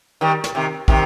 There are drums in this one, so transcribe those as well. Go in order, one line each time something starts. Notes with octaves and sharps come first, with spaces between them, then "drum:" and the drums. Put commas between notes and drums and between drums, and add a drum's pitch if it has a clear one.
D#3 G3
drum: snare
C3 D#3
C3 D#3, drum: kick